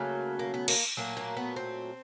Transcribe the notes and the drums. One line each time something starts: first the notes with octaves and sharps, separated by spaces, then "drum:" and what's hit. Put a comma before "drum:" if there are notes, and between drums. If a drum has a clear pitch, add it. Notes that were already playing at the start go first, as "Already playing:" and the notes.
Already playing: C#3 F#3 A3 A#3
A#3
B3
A#3, drum: cymbal
A#2 F#3 A3 A#3
A#3
B3
C4